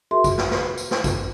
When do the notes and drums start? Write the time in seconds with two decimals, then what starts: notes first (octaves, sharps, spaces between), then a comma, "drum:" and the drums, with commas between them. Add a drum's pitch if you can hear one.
0.11 F#4 G#4 A#4 E5 C6
0.24 drum: kick A1, tambourine
0.38 drum: snare
0.51 drum: snare
0.78 drum: tambourine
0.91 drum: snare
1.04 drum: kick A1, tambourine